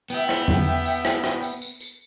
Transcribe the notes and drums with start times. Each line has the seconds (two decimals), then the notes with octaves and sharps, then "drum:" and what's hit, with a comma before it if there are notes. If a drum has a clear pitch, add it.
0.10 B3 E5 G5, drum: tambourine
0.29 drum: rim click
0.48 drum: tom E2
0.86 drum: tambourine
1.05 drum: rim click
1.24 drum: rim click
1.43 drum: tambourine
1.62 drum: tambourine
1.81 drum: tambourine